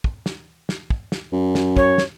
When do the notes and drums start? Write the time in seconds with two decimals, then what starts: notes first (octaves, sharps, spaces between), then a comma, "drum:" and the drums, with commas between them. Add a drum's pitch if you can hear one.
0.04 drum: kick
0.26 drum: snare
0.69 drum: snare
0.90 drum: kick
1.12 drum: snare
1.33 F#2
1.55 drum: snare
1.77 C#5, drum: kick
1.98 drum: snare